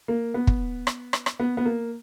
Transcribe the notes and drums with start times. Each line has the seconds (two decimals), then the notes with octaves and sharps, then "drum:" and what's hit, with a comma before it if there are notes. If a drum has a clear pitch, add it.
0.08 A#3
0.34 B3
0.47 drum: kick
0.87 drum: rim click
1.13 drum: rim click
1.26 drum: rim click
1.40 B3
1.57 B3
1.65 A#3